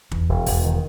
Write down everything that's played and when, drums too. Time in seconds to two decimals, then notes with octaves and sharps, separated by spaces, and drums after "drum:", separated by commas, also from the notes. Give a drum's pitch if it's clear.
0.12 E2, drum: kick
0.29 E1
0.47 E1, drum: open hi-hat
0.64 D#3